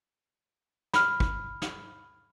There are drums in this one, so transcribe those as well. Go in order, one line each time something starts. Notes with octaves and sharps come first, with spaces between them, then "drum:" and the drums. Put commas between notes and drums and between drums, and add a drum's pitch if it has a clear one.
B5 F6, drum: snare
drum: kick
drum: snare